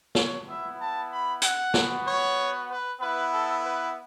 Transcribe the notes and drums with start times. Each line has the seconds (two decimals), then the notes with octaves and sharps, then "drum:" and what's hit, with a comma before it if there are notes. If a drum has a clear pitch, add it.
0.15 C#5, drum: snare
0.47 B3 E4 E5
0.79 A5
1.10 B5
1.42 F#5, drum: hi-hat
1.74 B3 F#4, drum: snare
2.05 C#5
2.69 B4
2.99 B3 E4 B4
3.32 A4
3.63 B4